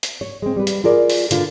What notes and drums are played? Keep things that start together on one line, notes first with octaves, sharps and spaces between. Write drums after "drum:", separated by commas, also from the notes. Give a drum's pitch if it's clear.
drum: hi-hat
C#5
G#3 C4
G3 B4
drum: hi-hat
F4 G#4 A#4 D5
drum: open hi-hat
D3 F4 B4, drum: hi-hat